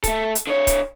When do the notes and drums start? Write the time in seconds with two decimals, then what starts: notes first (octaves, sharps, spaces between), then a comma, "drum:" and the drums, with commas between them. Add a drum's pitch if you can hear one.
0.04 A3 A4, drum: kick C#1, hi-hat
0.35 drum: hi-hat
0.47 D3 C#5
0.67 drum: kick C#1, hi-hat